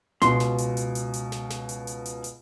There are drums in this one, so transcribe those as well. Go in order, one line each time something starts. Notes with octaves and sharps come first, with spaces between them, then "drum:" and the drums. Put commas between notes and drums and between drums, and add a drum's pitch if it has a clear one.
C#2 B2 C6, drum: snare
drum: snare
drum: hi-hat
drum: hi-hat
drum: hi-hat
drum: hi-hat
drum: snare
drum: snare
drum: hi-hat
drum: hi-hat
drum: hi-hat
drum: hi-hat